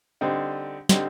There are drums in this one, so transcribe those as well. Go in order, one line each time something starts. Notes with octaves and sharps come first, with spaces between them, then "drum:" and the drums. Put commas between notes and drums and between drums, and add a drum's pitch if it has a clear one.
D3 G3 C4 D#4
D3 G3 C4 D#4, drum: snare